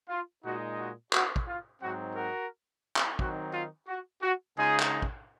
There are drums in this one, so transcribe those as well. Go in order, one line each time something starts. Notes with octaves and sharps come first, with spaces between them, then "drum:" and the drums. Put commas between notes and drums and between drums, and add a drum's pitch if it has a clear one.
F4
A#2 G#3 D#4 F#4
F#4
F#4, drum: clap
drum: kick
F4
G#2 F#3 C4 D#4 F#4
F#4 A#4
drum: clap
D#3 F#3 C4 D#4 F#4, drum: kick
F4
F#4
F#4
C#3 G#3 D#4 F4 G#4
drum: clap
drum: kick